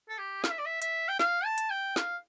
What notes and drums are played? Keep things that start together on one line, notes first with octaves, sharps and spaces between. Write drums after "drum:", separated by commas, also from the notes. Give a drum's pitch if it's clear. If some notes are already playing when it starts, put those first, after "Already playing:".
A4
G4
F5, drum: snare
E5
D5
E5
E5, drum: hi-hat
G5
F5, drum: snare
A5
drum: hi-hat
G5
F5, drum: snare